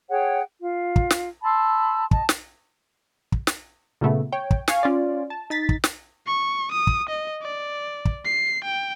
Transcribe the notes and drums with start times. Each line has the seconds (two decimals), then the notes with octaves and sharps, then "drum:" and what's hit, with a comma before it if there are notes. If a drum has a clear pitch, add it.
0.10 G#4 C#5 F#5 G5
0.60 F4
0.96 drum: kick
1.11 drum: snare
1.43 A5 B5 C6 E6
2.11 D#5 A5, drum: kick
2.29 drum: snare
3.32 drum: kick
3.47 drum: snare
4.01 A#2 C#3 A3 B3
4.32 C#5 G5
4.51 drum: kick
4.68 F5 G#5 C#6, drum: snare
4.83 C#4 F4 D5
5.30 A5
5.50 D#4 A6 B6
5.69 drum: kick
5.84 drum: snare
6.27 C#6
6.72 D#6
6.87 drum: kick
7.10 D#5
7.42 D5
8.05 drum: kick
8.25 C7
8.65 G5